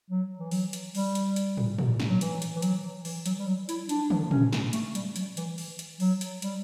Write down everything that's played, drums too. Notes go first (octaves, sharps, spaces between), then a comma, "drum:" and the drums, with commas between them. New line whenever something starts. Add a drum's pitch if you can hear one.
F#3
E3
F#3, drum: open hi-hat
drum: hi-hat
G3, drum: open hi-hat
drum: hi-hat
drum: hi-hat
drum: tom
drum: tom
drum: snare
F#3
E3, drum: hi-hat
drum: hi-hat
E3
F#3, drum: hi-hat
E3, drum: open hi-hat
F#3, drum: hi-hat
G3
F#3
E4, drum: hi-hat
D4, drum: hi-hat
drum: tom
C#4, drum: tom
drum: snare
A3, drum: hi-hat
G3, drum: hi-hat
F#3, drum: hi-hat
E3, drum: hi-hat
drum: open hi-hat
drum: hi-hat
F#3, drum: open hi-hat
drum: hi-hat
G3, drum: hi-hat